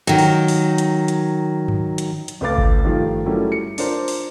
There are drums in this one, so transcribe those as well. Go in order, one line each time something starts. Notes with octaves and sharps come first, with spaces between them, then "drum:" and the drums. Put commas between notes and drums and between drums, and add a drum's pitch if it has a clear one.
D#3 F#3
drum: open hi-hat
drum: open hi-hat
drum: hi-hat
drum: hi-hat
drum: tom G2
drum: hi-hat
drum: hi-hat
C#2 A3 B4 F5 D6 A6
drum: kick G#1
G2 D#3 F3 A3 F5
F#3 G3 A3 C#4 E4 A#4
C#7
D4 F4 A#4 C5 D5, drum: open hi-hat
drum: open hi-hat